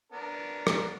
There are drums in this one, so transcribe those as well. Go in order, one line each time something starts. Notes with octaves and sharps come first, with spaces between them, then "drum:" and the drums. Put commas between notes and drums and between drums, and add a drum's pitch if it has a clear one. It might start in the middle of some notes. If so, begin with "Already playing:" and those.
B3 D4 A#4
drum: rim click